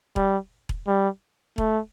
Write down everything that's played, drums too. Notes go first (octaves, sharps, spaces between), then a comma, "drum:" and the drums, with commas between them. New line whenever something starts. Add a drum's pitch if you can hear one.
G3, drum: kick E1
drum: kick E1
G3
A3, drum: kick E1